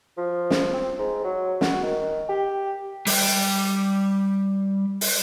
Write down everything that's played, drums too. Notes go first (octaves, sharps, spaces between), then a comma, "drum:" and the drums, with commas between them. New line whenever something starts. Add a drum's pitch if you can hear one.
F3
drum: snare
C4
G#2
F#3
F#4, drum: snare
D#3
G4
G3 G5, drum: open hi-hat
drum: open hi-hat